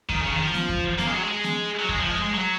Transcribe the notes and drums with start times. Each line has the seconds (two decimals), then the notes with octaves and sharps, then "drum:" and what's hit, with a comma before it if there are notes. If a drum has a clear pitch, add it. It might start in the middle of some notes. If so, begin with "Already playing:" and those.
0.09 D#3, drum: kick F2
0.20 C#3
0.32 D#3
0.43 F3
0.54 drum: snare B3
0.69 drum: kick F2
0.99 A#3, drum: snare B3
1.07 G#3
1.14 F#3
1.24 G#3
1.44 drum: snare B3
1.80 F#3
1.89 G#3, drum: kick F2
2.00 F3
2.11 G#3
2.22 G#3
2.34 F#3